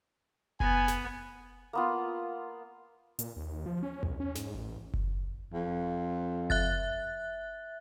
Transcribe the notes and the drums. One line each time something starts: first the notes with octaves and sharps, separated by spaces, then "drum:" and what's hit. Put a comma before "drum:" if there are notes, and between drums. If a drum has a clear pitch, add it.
B3 G#5, drum: kick F#1
drum: snare
A#3 B3 F4
A#2, drum: hi-hat
D#2
F3
C#4
C2, drum: tom E2
C#4
G#2, drum: snare
A1
drum: kick F#1
F2
E5 F#6 A6, drum: kick F#1